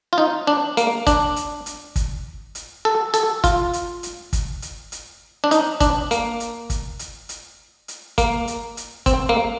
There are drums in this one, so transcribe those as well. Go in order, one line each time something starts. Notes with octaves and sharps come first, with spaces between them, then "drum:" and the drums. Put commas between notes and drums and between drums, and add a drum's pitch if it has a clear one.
F4
D#4
D4
A#3, drum: hi-hat
D4, drum: kick, hi-hat
drum: hi-hat
drum: hi-hat
drum: kick, hi-hat
drum: hi-hat
A4
A4, drum: hi-hat
F4, drum: kick, hi-hat
drum: hi-hat
drum: hi-hat
drum: kick, hi-hat
drum: hi-hat
drum: hi-hat
D4
D#4, drum: hi-hat
D4, drum: kick, hi-hat
A#3, drum: hi-hat
drum: hi-hat
drum: kick, hi-hat
drum: hi-hat
drum: hi-hat
drum: hi-hat
A#3, drum: kick, hi-hat
drum: hi-hat
drum: hi-hat
C4, drum: kick, hi-hat
A#3